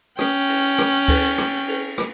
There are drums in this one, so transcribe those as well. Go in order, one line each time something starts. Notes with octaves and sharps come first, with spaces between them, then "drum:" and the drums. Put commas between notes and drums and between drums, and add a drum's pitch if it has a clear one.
C#4 G5, drum: rim click
drum: cymbal
drum: rim click
drum: kick D2, cymbal
drum: rim click
drum: cymbal
drum: rim click